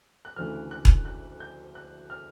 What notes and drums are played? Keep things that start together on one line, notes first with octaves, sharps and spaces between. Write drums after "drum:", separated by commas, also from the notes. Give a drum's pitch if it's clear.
F#6
D2 C#3 E3 A3 F6
F#6
drum: kick E1
F#6
G6
F#6
F6